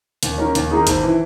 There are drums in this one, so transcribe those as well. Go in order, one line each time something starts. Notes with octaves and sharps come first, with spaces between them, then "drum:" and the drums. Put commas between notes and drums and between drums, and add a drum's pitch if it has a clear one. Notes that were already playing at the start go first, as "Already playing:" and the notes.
D#2, drum: hi-hat
D#3 A#3 C#4
D#2, drum: hi-hat
D#3 A#3 D#4 G#4
G#1, drum: hi-hat
E3